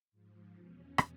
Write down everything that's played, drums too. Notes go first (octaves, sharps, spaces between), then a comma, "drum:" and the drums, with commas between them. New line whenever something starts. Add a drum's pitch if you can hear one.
G#2 F3
E2 B2 C#4
drum: rim click